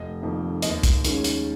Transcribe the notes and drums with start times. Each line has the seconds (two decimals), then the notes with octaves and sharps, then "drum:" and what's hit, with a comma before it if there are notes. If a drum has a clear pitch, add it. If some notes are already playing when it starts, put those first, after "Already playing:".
Already playing: F1 D#5
0.22 F2 D#3 A#3
0.62 D#2 D#5, drum: hi-hat
0.83 drum: kick, hi-hat
1.05 D#3 G#3 C#4, drum: hi-hat
1.24 drum: hi-hat